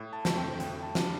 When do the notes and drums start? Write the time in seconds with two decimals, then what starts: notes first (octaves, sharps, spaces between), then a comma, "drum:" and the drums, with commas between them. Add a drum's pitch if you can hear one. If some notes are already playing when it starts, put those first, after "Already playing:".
Already playing: A2
0.13 A5
0.25 A3 C4, drum: snare
0.37 G5
0.60 A2 G5, drum: hi-hat
0.83 A5
0.95 G3 D4, drum: snare